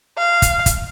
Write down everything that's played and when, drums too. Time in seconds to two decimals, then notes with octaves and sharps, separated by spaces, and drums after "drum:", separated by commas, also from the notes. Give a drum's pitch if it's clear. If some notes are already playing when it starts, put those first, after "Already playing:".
0.18 F5
0.42 drum: kick, hi-hat
0.66 drum: kick, hi-hat